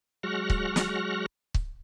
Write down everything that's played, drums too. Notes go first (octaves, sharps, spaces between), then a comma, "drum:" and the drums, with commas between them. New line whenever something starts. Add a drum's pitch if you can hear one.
F#3 G#3 C#6 F6 F#6 A#6
drum: kick C#1
drum: snare
drum: kick C#1